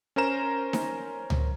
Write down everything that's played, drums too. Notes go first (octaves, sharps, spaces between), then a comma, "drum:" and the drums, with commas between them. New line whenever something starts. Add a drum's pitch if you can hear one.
C#4 A#4 C5 A#5 E7
drum: snare D#4
drum: tom C#2